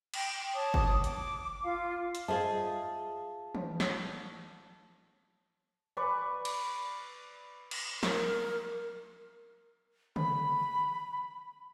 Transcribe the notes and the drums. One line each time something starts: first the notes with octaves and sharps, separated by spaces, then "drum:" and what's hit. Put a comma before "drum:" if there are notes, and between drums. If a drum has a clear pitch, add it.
G5, drum: cymbal
C#5 A5 D6 D#6
drum: kick G1
D6, drum: hi-hat
F4 F5
drum: hi-hat
F4 G#4 C5 D#5 E5 A5
drum: tom E3
drum: snare
B4 D5 C#6
drum: cymbal
drum: cymbal
A#4, drum: snare
B5, drum: tom C#3